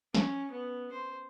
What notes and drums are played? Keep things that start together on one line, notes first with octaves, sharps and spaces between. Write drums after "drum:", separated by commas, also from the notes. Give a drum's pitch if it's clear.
C#4, drum: snare
B3
C5